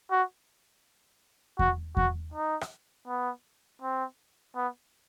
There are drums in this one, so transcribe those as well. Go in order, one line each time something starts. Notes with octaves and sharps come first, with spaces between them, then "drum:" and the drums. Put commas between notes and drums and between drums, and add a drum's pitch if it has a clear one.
F#4
F#4, drum: kick E2
F#4, drum: kick E2
D#4
drum: rim click
B3
C4
B3